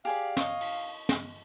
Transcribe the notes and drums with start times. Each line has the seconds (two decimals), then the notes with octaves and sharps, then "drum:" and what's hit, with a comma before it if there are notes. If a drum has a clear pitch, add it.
0.05 G4 G#4 D5 F5
0.37 C#5 D#5, drum: snare
0.61 drum: cymbal
1.09 drum: snare